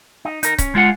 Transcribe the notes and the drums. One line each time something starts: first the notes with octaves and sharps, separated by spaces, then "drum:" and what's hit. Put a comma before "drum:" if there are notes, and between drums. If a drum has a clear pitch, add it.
D#4
D#4 A#4, drum: hi-hat
C#4, drum: kick C#1, hi-hat
G#3 F4 F#5